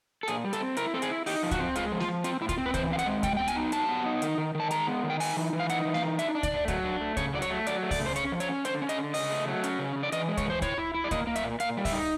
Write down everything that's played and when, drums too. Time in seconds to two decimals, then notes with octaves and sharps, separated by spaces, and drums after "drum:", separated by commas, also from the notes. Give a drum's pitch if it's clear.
0.23 A4
0.28 A#2 G#4, drum: hi-hat
0.45 G3
0.53 A4, drum: hi-hat
0.60 C4
0.77 E4 A#4, drum: hi-hat
0.94 C4 A4
1.02 G#4, drum: hi-hat
1.10 E4
1.26 D#4 G4, drum: open hi-hat
1.43 F3
1.51 F#4, drum: kick C#2, hi-hat
1.60 C4
1.76 G#3 F4, drum: hi-hat
1.92 F3
2.00 F4, drum: snare A#3
2.08 F3
2.24 C4 F4, drum: hi-hat
2.41 A2 E4
2.49 F4, drum: kick C#2, hi-hat
2.58 C4
2.66 B4
2.74 E3 C5, drum: kick C#2, hi-hat
2.90 C4 F5
2.99 F#5, drum: hi-hat
3.06 G#3
3.23 F#3 G5, drum: kick C#2, hi-hat
3.37 B3 G5
3.48 G#5, drum: hi-hat
3.56 D#4
3.72 F#3 A5, drum: hi-hat
3.88 B3
4.06 D#4
4.22 D#3, drum: hi-hat
4.38 D#3
4.55 D#3
4.60 A5
4.71 G#3 A#5, drum: hi-hat
4.87 B3
5.04 D#3
5.10 G5
5.20 D#4 G#5, drum: open hi-hat
5.36 E3
5.53 E3
5.60 F5
5.69 D#4 F#5, drum: hi-hat
5.85 E3
5.94 F5, drum: snare A#3
6.03 D#4
6.19 D4 E5, drum: hi-hat
6.35 D4
6.43 D5, drum: kick C#2, hi-hat
6.51 A3
6.68 F#3, drum: kick C#2, hi-hat
6.84 D4
7.01 A3
7.17 C#3 C#5, drum: kick C#2, hi-hat
7.33 F#3 D5
7.42 C#5, drum: hi-hat
7.50 A3
7.67 F#3 D5, drum: hi-hat
7.83 A3
7.91 D5, drum: kick C#2, open hi-hat
7.99 C#3
8.06 C5
8.16 C#4 C#5, drum: hi-hat
8.32 F3
8.40 C#5, drum: hi-hat
8.49 C#4
8.65 D3 C5, drum: hi-hat
8.82 C#4
8.89 D#5, drum: hi-hat
8.97 D3
9.14 C#3 D#5, drum: open hi-hat
9.31 A3
9.47 F#3
9.64 C#4, drum: hi-hat
9.79 C#3
9.96 C#3
10.03 D5
10.12 E3 D#5, drum: hi-hat
10.29 G#3
10.37 C#5, drum: kick C#2, hi-hat
10.45 E3 C5
10.62 E4 C#5, drum: kick C#2, hi-hat
10.78 E4
10.94 E4
11.04 D5
11.11 A#3 D#5, drum: kick C#2, hi-hat
11.27 A#3
11.36 E5, drum: hi-hat
11.43 A#2
11.60 A#2 F5, drum: hi-hat
11.77 G3
11.85 E5, drum: kick C#2, open hi-hat
11.93 D#4